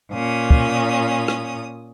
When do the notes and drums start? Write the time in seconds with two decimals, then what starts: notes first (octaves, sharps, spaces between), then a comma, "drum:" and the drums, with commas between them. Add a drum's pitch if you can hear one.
0.12 A#2 C#4 D#6
0.50 drum: kick
1.28 drum: rim click